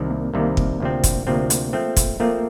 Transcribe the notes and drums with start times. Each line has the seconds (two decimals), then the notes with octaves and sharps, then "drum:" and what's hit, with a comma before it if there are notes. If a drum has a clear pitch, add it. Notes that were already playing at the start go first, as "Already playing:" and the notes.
Already playing: C2 C3 D#3 C4
0.10 A#3
0.34 C2 C3 D#3 A#3
0.57 drum: kick
0.80 D2 C3 F3 C4
1.04 drum: kick, hi-hat
1.27 D2 C3 F3 A#3 C4
1.50 drum: hi-hat
1.73 F3 A3 C4
1.97 drum: kick, hi-hat
2.20 F3 A3 A#3 C4